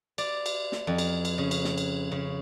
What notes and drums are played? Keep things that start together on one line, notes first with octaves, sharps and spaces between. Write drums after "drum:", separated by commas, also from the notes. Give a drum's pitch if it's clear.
D5, drum: cymbal
drum: cymbal
drum: snare
F2
drum: cymbal
drum: cymbal
C#3
drum: cymbal
drum: snare
drum: cymbal
C#3